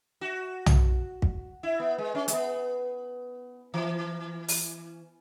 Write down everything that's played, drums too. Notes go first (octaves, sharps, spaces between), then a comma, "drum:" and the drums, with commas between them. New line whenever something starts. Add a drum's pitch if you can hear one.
F#4
drum: tom
drum: kick
E4
B3
G#3
C#4
G#3, drum: hi-hat
B3
E3
drum: open hi-hat